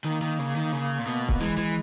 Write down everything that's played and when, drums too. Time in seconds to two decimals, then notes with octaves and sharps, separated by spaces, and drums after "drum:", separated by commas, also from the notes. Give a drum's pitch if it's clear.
0.04 D#3 A#3
0.22 D#3
0.39 C#3
0.56 D#3
0.72 C#3
0.99 A#2
1.06 B2
1.28 A#3, drum: kick C#1
1.40 E3 G#3
1.57 E3